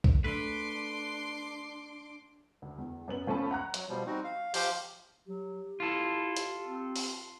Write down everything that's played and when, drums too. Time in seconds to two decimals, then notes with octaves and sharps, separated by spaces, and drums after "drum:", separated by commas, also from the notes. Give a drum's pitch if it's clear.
0.04 drum: kick B1
0.24 A3 D4 B4 C6 D6
2.62 D2
2.78 E2
3.08 F#2 B3 F#7
3.27 F3 A3 C#4 G#5 A5 B5
3.51 F#5 A#5 F#6
3.74 F#3, drum: hi-hat
3.89 B2 F3 G3
4.07 G3 C4 D#4 F#4
4.24 F5
4.54 F3 G4 C5 F5 D6 G6, drum: open hi-hat
5.27 F#3 G4
5.80 E4 F4 A4
6.36 drum: hi-hat
6.64 C4
6.96 drum: open hi-hat